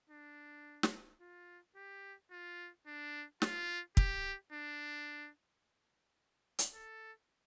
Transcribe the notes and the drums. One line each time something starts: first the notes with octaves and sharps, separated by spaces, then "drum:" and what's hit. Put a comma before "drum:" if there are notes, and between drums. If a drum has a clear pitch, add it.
D4
drum: snare
F4
G4
F4
D4
F4, drum: snare
G4, drum: kick
D4
drum: hi-hat
A4